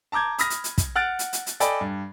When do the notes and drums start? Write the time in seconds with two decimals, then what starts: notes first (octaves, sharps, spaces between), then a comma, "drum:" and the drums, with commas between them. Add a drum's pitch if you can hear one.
0.12 A5 A#5 D6 G6 G#6
0.38 B5 D#6 F6 A#6, drum: hi-hat
0.50 drum: hi-hat
0.64 drum: hi-hat
0.78 drum: kick, hi-hat
0.96 F#5 F6 F#6 A6 D7
1.19 drum: hi-hat
1.33 drum: hi-hat
1.46 drum: hi-hat
1.60 A4 D5 D#5 G5 G#5 B5, drum: hi-hat
1.81 G2